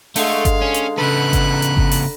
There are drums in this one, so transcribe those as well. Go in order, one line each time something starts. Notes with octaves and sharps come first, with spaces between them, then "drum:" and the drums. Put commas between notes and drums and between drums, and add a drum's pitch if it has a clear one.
D3 G#3 A3 F5, drum: open hi-hat
drum: kick G1, hi-hat
C#4
drum: hi-hat
C#3 B3 A4 B5 F#6
drum: kick G1, hi-hat
A#5
drum: hi-hat
drum: kick G1
drum: open hi-hat